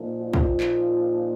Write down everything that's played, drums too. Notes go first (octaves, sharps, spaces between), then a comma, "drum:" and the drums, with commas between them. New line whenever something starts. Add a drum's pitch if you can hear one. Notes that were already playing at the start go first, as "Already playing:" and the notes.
Already playing: A#2 F3 A#3 D#4
F4
drum: kick
drum: clap